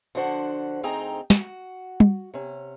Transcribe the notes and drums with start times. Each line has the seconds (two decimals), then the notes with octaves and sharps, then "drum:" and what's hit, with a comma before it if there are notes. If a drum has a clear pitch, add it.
0.15 D3 F3 D4 F#4 C5 F#5
0.83 D2 C4 D#4 G#4 G5 A#5
1.30 F#4, drum: snare
2.00 drum: tom G3
2.34 C3 C#4